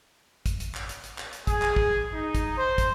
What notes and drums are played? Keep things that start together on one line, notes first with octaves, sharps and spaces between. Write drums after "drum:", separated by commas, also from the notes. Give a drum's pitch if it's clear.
drum: kick, hi-hat
drum: hi-hat
drum: clap
drum: hi-hat
drum: hi-hat
drum: clap
drum: hi-hat
G#4, drum: kick, hi-hat
drum: clap
drum: kick
D#4
drum: kick, hi-hat
C5
drum: kick, hi-hat